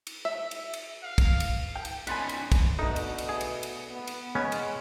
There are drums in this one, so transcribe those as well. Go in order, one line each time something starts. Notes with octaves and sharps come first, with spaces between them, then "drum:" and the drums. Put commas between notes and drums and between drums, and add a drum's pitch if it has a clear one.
drum: cymbal
E5
drum: cymbal
drum: cymbal
F5
drum: kick, cymbal
drum: cymbal
G5
drum: cymbal
C#4 D#4 G#5 B5 C6 F#6 A6 B6, drum: cymbal
drum: cymbal
drum: kick, cymbal
B2 A3 D4 D#4 A4
drum: cymbal
drum: cymbal
G#4
drum: cymbal
drum: cymbal
B3
drum: cymbal
G#3 B3 C#4 C#5
drum: cymbal